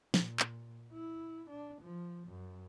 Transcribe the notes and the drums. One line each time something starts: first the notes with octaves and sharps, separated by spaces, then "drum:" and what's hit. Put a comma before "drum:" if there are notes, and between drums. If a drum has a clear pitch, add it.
A#2, drum: snare
drum: clap
E4
D4
F3
F#2